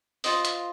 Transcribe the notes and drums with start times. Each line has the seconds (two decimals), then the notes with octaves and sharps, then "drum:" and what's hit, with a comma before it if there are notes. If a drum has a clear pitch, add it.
0.24 F4 C5 D#5, drum: open hi-hat
0.45 drum: hi-hat